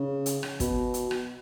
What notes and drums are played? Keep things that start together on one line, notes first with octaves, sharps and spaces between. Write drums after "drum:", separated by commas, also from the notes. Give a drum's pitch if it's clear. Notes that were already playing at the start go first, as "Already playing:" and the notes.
Already playing: C#3
drum: hi-hat
drum: rim click
B2, drum: kick, hi-hat
drum: hi-hat
drum: rim click